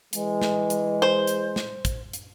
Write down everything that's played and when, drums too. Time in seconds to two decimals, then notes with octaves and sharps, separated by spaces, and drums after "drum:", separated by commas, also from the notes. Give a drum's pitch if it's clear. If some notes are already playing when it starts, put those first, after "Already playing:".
0.13 E3 G#3, drum: hi-hat
0.41 drum: snare
0.70 drum: hi-hat
1.02 C5
1.27 drum: hi-hat
1.56 drum: snare
1.85 drum: kick, hi-hat
2.13 drum: hi-hat